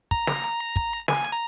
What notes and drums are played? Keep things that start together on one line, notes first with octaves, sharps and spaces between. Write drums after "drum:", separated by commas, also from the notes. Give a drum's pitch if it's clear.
A#5, drum: kick
drum: snare
drum: kick
G#5, drum: snare
A#5